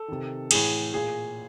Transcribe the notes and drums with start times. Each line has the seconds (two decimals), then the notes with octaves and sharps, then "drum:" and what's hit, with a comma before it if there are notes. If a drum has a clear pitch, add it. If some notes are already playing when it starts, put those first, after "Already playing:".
Already playing: A4
0.08 C3 D#3
0.51 A2 E3 G#4, drum: cymbal
0.93 A#2 G#4